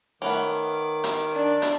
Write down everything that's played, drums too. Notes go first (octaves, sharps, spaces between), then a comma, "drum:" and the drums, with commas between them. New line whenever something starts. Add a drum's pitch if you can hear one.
D#3 A3 B3 C#4 D6
drum: hi-hat
D4
drum: hi-hat